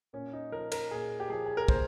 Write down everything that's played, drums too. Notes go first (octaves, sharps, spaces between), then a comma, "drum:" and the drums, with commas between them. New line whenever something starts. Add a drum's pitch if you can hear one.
A#2 C#4
D#4
F3 A#4
A#4, drum: cymbal
A#2 G#4
G4
F3 G#4
G#4
A#4
A#2 C5, drum: kick